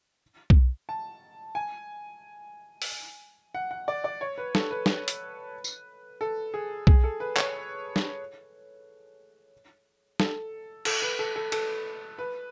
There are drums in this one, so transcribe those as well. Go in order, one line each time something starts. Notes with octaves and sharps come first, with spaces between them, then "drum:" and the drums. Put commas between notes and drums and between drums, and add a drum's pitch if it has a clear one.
drum: kick B1
A5
G#5
drum: open hi-hat
F#5
F#5
D5
D5
C#5
B4
A4, drum: snare
B4
drum: snare
drum: hi-hat
drum: tambourine
A4
G#4
G#4, drum: kick B1
A4
B4
C#5, drum: clap
drum: snare
A4, drum: snare
A4, drum: cymbal
B4
A4
A4
A4, drum: cymbal
B4